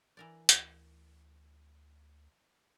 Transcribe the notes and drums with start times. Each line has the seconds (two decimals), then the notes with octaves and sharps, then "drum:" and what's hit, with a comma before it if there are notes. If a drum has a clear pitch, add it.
0.17 E3 A#4 D5
0.49 D2, drum: hi-hat